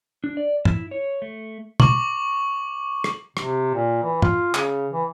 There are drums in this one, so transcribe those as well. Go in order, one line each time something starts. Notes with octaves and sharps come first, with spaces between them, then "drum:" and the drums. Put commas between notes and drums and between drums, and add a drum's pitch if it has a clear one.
D4
D5
E4, drum: tom
C#5
A3
C#6 D6 F#7, drum: tom
drum: rim click
C3, drum: rim click
A#2
E3
F4, drum: tom
C#3, drum: clap
E3